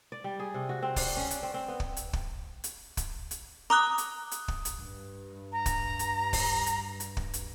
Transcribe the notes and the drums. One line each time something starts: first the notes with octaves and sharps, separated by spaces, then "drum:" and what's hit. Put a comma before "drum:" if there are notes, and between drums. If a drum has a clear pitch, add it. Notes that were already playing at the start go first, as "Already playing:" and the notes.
D5
G3
G#4
C3
F#4
C4
D4, drum: kick, open hi-hat
C#4
D4, drum: hi-hat
C4
C4
B3
drum: kick
drum: hi-hat
drum: kick
drum: hi-hat
drum: kick, hi-hat
drum: hi-hat
A#5 D6 D#6 F#6
drum: hi-hat
drum: hi-hat
drum: kick
drum: hi-hat
G2
A#5
drum: kick, hi-hat
drum: hi-hat
drum: kick, open hi-hat
drum: hi-hat
drum: hi-hat
drum: kick
drum: hi-hat